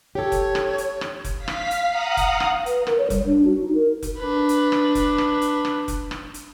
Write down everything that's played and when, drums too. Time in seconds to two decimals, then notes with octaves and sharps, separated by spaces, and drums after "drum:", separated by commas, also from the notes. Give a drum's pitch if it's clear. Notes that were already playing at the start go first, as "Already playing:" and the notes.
0.15 G4 A4 C#5
0.32 drum: kick F1, hi-hat
0.55 drum: rim click
0.78 drum: hi-hat
1.01 drum: rim click
1.24 drum: kick F1, hi-hat
1.38 F5 B6
1.48 drum: rim click
1.71 drum: hi-hat
1.88 F5 F#5 A#5 D#6 F#6
2.17 drum: kick F1, hi-hat
2.40 drum: rim click
2.66 B4, drum: hi-hat
2.87 A#4, drum: rim click
2.98 C#5
3.10 G3, drum: kick F1, hi-hat
3.26 D4
3.45 F#4
3.62 D#4
3.75 A#4
4.02 drum: kick F1, hi-hat
4.19 D4 B4
4.49 drum: hi-hat
4.72 drum: rim click
4.95 drum: kick F1, hi-hat
5.18 drum: rim click
5.41 drum: hi-hat
5.65 drum: rim click
5.88 drum: kick F1, hi-hat
6.11 drum: rim click
6.34 drum: hi-hat